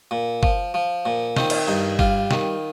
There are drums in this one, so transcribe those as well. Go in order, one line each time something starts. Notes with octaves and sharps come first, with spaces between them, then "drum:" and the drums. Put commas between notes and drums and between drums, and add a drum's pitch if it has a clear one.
A#2
F3, drum: kick
F3
A#2
D#3 C4, drum: snare
drum: cymbal
G2 D#4
G3 F4, drum: kick
D#3, drum: snare